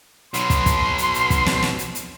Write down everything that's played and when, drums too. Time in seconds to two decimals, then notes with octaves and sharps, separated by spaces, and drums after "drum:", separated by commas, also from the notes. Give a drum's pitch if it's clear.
0.34 B2 F#3 C6, drum: hi-hat
0.50 drum: kick, hi-hat
0.66 drum: kick, hi-hat
0.98 drum: hi-hat
1.14 drum: hi-hat
1.30 drum: kick, hi-hat
1.46 drum: snare
1.63 drum: snare
1.79 drum: hi-hat
1.95 drum: hi-hat